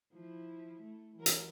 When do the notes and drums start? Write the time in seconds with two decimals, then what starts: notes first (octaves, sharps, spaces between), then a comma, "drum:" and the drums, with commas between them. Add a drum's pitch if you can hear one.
0.13 F3 E4
0.81 A3
1.16 E3 F#3 A#4
1.26 drum: hi-hat